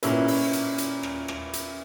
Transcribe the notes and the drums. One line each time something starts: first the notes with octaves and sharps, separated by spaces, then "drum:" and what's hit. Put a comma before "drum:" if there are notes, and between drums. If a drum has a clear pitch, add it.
A#2 A#3 C#4 E4 B4, drum: hi-hat
drum: open hi-hat
drum: hi-hat
drum: hi-hat
drum: rim click
drum: rim click
drum: hi-hat